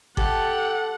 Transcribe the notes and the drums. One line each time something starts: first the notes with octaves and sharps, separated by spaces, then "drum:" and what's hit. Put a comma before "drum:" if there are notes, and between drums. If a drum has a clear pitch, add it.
G4 A4 F#5, drum: kick G1